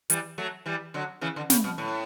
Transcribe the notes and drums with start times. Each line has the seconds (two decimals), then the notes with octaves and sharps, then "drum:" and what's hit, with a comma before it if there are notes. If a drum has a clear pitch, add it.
0.10 E3 G3, drum: hi-hat
0.38 F#3 A3
0.66 E3 G3
0.94 D3 F#3
1.21 C#3 E3
1.36 D3
1.50 C#3, drum: snare
1.64 B2
1.78 A2